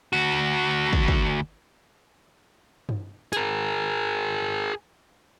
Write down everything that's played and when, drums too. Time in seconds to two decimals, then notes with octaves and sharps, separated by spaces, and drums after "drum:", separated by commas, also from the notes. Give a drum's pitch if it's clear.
0.13 D2 F#4
0.93 drum: kick
1.08 drum: kick
2.89 drum: tom G2
3.33 G#4 A#4, drum: hi-hat